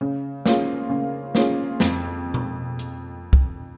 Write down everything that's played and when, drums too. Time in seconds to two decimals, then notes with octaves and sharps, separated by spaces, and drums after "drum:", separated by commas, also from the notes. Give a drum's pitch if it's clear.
0.01 C#3
0.46 A#3 C#4 F4 G#4, drum: snare
0.89 C#3
1.35 A#3 C#4 F4 G#4, drum: snare
1.80 F2, drum: snare
2.34 drum: tom B2
2.79 drum: hi-hat
3.33 drum: kick